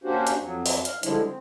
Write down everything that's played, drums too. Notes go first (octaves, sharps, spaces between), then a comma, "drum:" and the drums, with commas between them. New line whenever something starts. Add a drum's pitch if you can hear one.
A#3 C#4 D4 F#4 G4 C5
drum: hi-hat
F2 F#3
drum: open hi-hat
F5, drum: hi-hat
D3 F3 G3 G#3 D4 E4, drum: hi-hat
C4